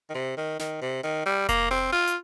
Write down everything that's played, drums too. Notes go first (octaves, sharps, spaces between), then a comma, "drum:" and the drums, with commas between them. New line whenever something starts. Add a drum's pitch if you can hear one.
D#3
C3
D#3
D#3, drum: snare
C3
D#3
G3
A#3, drum: kick F1, hi-hat
C4
F4
drum: hi-hat